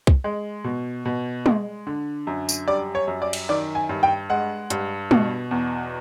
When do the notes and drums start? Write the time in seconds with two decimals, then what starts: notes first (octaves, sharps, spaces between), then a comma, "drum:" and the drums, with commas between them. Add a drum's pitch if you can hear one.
0.07 drum: kick C2
0.24 G#3
0.64 B2
1.06 B2
1.46 G#3, drum: tom
1.87 D3
2.27 F#2
2.49 drum: tambourine
2.68 G3 D5
2.95 C#5
3.07 F#2
3.22 D5
3.33 drum: cymbal
3.49 D#3 D5
3.75 G#5
3.89 G2
4.03 G5
4.30 G#3 F#5
4.70 G2, drum: hi-hat
5.11 B2, drum: tom
5.51 E2